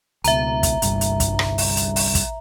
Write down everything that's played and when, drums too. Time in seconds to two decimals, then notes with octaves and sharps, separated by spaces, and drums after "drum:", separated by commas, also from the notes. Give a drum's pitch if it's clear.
0.24 C#2 B2 E5 A#5, drum: hi-hat
0.63 drum: kick, hi-hat
0.82 G1 C2 G2, drum: hi-hat
1.01 drum: hi-hat
1.20 drum: kick, hi-hat
1.39 drum: rim click
1.58 drum: open hi-hat
1.77 drum: hi-hat
1.96 drum: open hi-hat
2.15 drum: kick, hi-hat